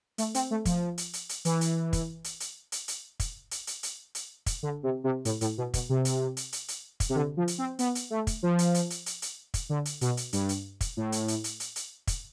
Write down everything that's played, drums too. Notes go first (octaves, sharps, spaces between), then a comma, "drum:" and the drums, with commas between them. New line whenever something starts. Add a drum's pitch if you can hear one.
A3, drum: hi-hat
C4, drum: hi-hat
A3
F3, drum: kick, hi-hat
drum: hi-hat
drum: hi-hat
drum: hi-hat
E3, drum: hi-hat
drum: hi-hat
drum: kick, hi-hat
drum: hi-hat
drum: hi-hat
drum: hi-hat
drum: hi-hat
drum: kick, hi-hat
drum: hi-hat
drum: hi-hat
drum: hi-hat
drum: hi-hat
drum: kick, hi-hat
D3
C3
C3
A2, drum: hi-hat
A2, drum: hi-hat
B2
B2, drum: kick, hi-hat
C3
drum: hi-hat
drum: hi-hat
drum: hi-hat
drum: hi-hat
drum: kick, hi-hat
C3
D3
F3
drum: hi-hat
C4
B3, drum: hi-hat
drum: hi-hat
A3
drum: kick, hi-hat
F3
drum: hi-hat
drum: hi-hat
drum: hi-hat
drum: hi-hat
drum: hi-hat
drum: kick, hi-hat
D3
drum: hi-hat
B2, drum: hi-hat
drum: hi-hat
G2, drum: hi-hat
drum: hi-hat
drum: kick, hi-hat
A2
drum: hi-hat
drum: hi-hat
drum: hi-hat
drum: hi-hat
drum: hi-hat
drum: kick, hi-hat